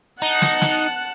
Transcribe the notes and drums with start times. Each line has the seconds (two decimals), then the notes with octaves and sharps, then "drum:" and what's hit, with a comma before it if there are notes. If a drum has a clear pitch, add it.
0.22 D#4 F#5 A5 F#6
0.42 drum: snare
0.62 drum: snare